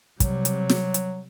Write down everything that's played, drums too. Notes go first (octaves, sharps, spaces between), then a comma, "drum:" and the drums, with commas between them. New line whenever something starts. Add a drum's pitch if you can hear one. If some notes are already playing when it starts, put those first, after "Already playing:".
C3 F#3 G3, drum: kick, hi-hat
drum: hi-hat
drum: snare
drum: hi-hat